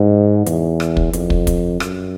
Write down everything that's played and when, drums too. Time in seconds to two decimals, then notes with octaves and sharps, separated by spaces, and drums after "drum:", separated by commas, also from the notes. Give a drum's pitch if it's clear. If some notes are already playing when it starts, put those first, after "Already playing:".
Already playing: G#2
0.46 E2, drum: hi-hat
0.80 drum: rim click
0.97 drum: kick
1.13 F2, drum: hi-hat
1.30 drum: kick
1.47 drum: kick, hi-hat
1.80 F#2, drum: rim click